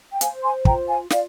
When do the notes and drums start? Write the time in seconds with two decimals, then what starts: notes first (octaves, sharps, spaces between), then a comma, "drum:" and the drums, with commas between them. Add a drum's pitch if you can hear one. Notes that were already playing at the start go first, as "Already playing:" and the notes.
0.11 G5
0.21 C5 F5 G#5, drum: hi-hat
0.43 G#5 C6
0.65 F4 G5 A#5, drum: kick
0.88 F5 G#5
1.10 F4 D5 F5, drum: snare